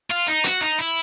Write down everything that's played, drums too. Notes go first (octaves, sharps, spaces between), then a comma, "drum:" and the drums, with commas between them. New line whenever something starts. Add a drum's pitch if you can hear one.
F4
D#4
F#4, drum: hi-hat
D#4
E4